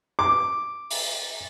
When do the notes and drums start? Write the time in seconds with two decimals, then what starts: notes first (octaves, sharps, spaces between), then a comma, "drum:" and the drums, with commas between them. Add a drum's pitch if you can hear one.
0.19 D6
0.90 drum: open hi-hat